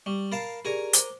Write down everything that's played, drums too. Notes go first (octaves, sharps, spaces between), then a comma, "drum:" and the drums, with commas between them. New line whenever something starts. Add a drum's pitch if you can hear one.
G3 C#6
A#4 F5 A5 B5 A6 C7
G4 G#4 A#4 D5 G#5 A#5
C5 D6 G7, drum: hi-hat